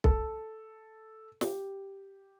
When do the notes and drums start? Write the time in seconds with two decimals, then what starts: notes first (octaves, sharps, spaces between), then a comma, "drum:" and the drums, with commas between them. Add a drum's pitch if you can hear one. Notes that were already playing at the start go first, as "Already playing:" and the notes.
0.04 A4, drum: kick B1
1.41 G4, drum: snare